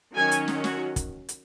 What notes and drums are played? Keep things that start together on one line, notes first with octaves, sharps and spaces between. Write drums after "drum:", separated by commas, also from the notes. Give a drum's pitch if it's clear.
D#3 F#3 C#4 G#5
drum: hi-hat
drum: snare
F#4, drum: snare
drum: kick, hi-hat
drum: hi-hat